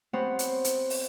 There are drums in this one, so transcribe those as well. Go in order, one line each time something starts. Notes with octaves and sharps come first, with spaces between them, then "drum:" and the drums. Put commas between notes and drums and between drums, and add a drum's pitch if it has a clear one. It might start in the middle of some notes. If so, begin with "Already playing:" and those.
B3 C4 G4 C5 C#5 F#5
drum: hi-hat
drum: hi-hat
drum: open hi-hat